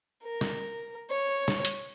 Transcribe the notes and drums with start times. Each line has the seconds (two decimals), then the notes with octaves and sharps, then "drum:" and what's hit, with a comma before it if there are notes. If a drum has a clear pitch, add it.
0.23 A#4
0.41 drum: snare
1.10 C#5
1.48 drum: snare
1.65 drum: hi-hat